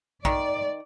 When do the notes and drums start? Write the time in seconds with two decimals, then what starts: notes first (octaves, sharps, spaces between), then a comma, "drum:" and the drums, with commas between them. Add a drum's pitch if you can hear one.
0.25 D#3 D5, drum: kick